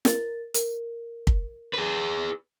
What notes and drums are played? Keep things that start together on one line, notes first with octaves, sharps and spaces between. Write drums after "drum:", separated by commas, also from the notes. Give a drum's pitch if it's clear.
A#4 A6, drum: snare
A#4, drum: hi-hat
drum: kick
G#4 B4